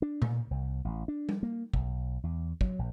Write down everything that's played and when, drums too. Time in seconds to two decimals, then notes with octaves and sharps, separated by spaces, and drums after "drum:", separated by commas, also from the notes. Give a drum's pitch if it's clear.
0.02 D4
0.22 A#2, drum: tom B2
0.51 C2
0.85 A1
1.08 D4
1.29 drum: tom G3
1.43 A#3
1.74 B1, drum: kick
2.23 E2
2.61 F#3, drum: kick
2.79 A#1